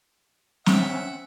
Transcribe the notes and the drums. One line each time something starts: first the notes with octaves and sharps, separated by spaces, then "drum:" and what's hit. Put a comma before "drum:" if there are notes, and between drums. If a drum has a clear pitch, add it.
C4 C#4 E5 F#5, drum: snare